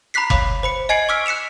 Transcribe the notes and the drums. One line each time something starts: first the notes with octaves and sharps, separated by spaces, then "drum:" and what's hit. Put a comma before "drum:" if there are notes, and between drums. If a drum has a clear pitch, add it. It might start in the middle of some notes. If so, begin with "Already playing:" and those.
A#5 B5 D6 F#6 B6 C7
C#5 F5 B5 D6, drum: kick F#1
C5 B5 C#7
D#5 G#5 G#6 C7 C#7 F#7
C#6 D6 E6 F6 B6 D7
F#6 B6 C#7 E7 F7